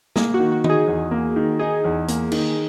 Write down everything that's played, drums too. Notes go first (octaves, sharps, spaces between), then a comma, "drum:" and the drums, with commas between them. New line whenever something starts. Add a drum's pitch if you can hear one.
A#3 G#4, drum: snare
F#4
D#3
F#4
D#4, drum: tom D#3
G#4
E2
A#3
D#3
D#4 G#4
E2
A#3, drum: hi-hat
D#3, drum: cymbal